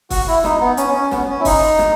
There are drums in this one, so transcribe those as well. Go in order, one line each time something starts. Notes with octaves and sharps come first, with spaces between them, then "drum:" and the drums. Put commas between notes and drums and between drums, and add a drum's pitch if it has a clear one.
F#4, drum: kick, open hi-hat
E4
D#4, drum: snare
B3
C#4, drum: hi-hat
C#4
B3, drum: snare
C#4
E4
D#4, drum: kick, open hi-hat
drum: snare